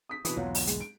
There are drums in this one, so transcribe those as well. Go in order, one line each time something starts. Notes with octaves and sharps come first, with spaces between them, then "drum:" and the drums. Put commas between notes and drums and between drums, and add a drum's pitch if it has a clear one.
D#6 B6
B2 E3 B4 D#6, drum: hi-hat
B1 E2 G#2 F#3 F4 F#4
drum: open hi-hat
G#3, drum: hi-hat
D7